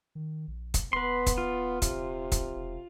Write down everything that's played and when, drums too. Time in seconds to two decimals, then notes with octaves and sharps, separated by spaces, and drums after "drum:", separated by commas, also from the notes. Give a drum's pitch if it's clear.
0.15 D#3
0.48 A#1
0.74 drum: kick, hi-hat
0.93 D#1 B3 B4 C6
1.27 drum: kick, hi-hat
1.38 F4
1.82 C3, drum: kick, hi-hat
2.32 drum: kick, hi-hat
2.56 E1